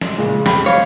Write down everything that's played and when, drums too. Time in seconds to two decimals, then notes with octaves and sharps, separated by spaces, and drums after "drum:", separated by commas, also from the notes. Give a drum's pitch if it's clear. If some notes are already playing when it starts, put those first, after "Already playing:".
0.01 G#3, drum: snare
0.18 A#2 C#3 G#3
0.46 F2 G4 B5, drum: snare
0.66 G#3 C#5 F5